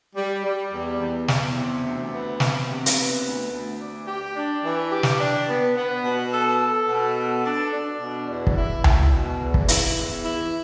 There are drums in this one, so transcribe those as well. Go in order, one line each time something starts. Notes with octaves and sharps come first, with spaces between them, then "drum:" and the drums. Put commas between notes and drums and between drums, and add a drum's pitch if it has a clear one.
G3
G3
E2
E2
E2, drum: snare
C3
D2
B3
C3, drum: snare
C3
drum: hi-hat
B3
D2
D2
D4
G4
D4
E3
G4
drum: snare
D4
B3
B3
B2
A4
A4
B2
A4
D4
D4
B2
E2
drum: kick
E4
E4, drum: tom C#2
B2
E2
drum: kick
E4, drum: hi-hat
E2
E4